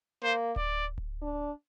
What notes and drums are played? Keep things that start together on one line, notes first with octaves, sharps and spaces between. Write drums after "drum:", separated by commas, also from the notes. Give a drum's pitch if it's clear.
A#3 C5
D5, drum: kick D1
drum: kick D1
D4